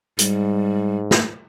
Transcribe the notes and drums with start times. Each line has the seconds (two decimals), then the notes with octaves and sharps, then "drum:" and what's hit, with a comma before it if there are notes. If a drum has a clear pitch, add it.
0.19 G#2 G3, drum: hi-hat
1.11 drum: snare